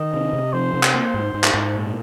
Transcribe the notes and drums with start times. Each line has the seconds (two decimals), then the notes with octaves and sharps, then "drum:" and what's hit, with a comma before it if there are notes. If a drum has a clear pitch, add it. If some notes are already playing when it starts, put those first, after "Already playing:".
Already playing: D#3 D#5
0.13 C3
0.33 C3
0.53 F3 C5
0.74 C3
0.83 C5, drum: clap
0.94 A#3
1.14 G#2
1.34 G#2
1.44 drum: clap
1.54 G#2
1.74 A#2